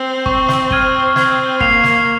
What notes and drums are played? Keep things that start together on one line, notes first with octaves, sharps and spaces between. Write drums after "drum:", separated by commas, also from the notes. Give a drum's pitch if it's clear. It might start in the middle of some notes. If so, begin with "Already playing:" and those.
Already playing: C4
C#6, drum: kick
drum: snare
F6 G#6 D#7 G7, drum: kick
C4 G#6, drum: snare
A#3 C7 F7, drum: kick
drum: snare